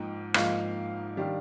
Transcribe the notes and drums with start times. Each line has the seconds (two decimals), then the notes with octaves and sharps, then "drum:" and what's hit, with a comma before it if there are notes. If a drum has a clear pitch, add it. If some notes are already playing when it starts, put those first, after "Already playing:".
Already playing: G#2 F3 A#3 D#4 G5
0.34 G#2 F3 A#3 D#4 F5, drum: rim click
1.17 D#3 G3 D4